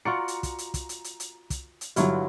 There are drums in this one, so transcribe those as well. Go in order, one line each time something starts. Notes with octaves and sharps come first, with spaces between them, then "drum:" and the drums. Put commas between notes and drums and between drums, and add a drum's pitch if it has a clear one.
F4 F#4 D5 A#5 C#7
drum: hi-hat
drum: kick, hi-hat
drum: hi-hat
drum: kick, hi-hat
drum: hi-hat
drum: hi-hat
drum: hi-hat
drum: kick, hi-hat
drum: hi-hat
G2 D3 F#3 G3 E4 F4, drum: hi-hat